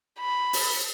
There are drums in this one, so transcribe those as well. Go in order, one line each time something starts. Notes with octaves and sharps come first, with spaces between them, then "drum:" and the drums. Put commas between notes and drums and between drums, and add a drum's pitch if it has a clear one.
B5
drum: open hi-hat